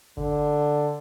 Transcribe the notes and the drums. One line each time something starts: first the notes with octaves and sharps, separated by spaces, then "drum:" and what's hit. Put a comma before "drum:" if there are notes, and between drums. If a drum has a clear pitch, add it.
D3, drum: kick G1